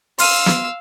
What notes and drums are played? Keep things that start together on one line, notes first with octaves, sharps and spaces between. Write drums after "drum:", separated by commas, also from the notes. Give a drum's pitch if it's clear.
F5 C6 E6 F6 D#7, drum: open hi-hat
drum: snare